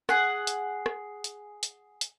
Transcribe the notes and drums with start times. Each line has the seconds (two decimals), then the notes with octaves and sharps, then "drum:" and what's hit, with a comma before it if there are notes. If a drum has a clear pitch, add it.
0.09 G#4 F#5, drum: rim click
0.47 drum: hi-hat
0.86 drum: rim click
1.24 drum: hi-hat
1.63 drum: hi-hat
2.01 drum: hi-hat